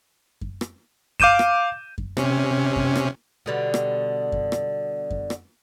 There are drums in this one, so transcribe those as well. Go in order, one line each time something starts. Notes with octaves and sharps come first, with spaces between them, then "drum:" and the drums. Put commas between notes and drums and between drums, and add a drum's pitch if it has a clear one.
drum: kick F#2
drum: rim click
F5 D6 G6 D#7 E7, drum: kick F#2
drum: rim click
drum: kick F#2
C3 C#4, drum: rim click
drum: kick F#2
drum: rim click
B2 D3 G3
drum: rim click
drum: kick F#2
drum: rim click
drum: kick F#2
drum: rim click